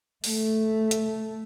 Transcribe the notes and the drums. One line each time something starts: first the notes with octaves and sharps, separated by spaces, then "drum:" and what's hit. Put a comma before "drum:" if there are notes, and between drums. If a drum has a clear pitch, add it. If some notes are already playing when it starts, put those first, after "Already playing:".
A3, drum: open hi-hat
drum: hi-hat